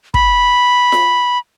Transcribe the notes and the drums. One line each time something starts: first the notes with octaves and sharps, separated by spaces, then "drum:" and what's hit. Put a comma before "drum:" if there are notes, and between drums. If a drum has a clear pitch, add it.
B5, drum: kick
drum: snare F4